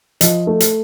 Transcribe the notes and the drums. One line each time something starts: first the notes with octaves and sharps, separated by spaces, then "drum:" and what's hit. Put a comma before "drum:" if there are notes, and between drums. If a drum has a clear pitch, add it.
F3 D#5, drum: hi-hat
A3
drum: hi-hat